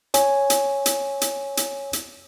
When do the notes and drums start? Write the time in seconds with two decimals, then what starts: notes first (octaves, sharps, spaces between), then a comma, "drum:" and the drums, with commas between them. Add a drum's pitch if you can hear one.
0.14 C#5 G#5, drum: hi-hat
0.50 drum: hi-hat
0.86 drum: hi-hat
1.21 drum: hi-hat
1.57 drum: hi-hat
1.93 drum: hi-hat